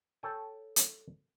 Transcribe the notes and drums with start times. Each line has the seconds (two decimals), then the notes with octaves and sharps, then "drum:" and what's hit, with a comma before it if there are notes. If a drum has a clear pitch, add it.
0.23 A4 C#5 G5 G#5
0.76 drum: hi-hat